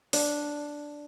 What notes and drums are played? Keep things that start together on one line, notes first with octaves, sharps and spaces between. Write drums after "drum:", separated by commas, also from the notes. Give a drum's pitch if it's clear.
D4, drum: open hi-hat